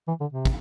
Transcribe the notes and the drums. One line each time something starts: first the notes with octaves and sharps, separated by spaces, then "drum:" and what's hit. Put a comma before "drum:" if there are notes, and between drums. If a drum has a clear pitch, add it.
E3
D3
C3
drum: kick